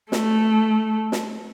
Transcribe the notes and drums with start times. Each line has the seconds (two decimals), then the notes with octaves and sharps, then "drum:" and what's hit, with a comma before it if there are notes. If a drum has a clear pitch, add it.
0.12 A3, drum: snare
1.12 drum: snare